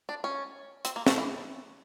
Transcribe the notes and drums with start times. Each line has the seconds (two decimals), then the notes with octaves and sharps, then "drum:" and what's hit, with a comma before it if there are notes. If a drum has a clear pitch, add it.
0.09 D4
0.24 C#4
0.85 C4, drum: hi-hat
0.96 A#3
1.07 A3, drum: snare
1.18 E3